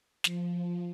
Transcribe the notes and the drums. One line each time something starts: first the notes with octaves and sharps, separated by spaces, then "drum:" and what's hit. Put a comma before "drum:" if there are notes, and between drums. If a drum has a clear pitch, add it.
F3, drum: snare